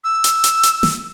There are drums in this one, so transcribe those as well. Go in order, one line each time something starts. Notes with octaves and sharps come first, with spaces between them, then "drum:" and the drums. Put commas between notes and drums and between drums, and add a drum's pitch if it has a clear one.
E6
drum: hi-hat
drum: hi-hat
drum: hi-hat
drum: snare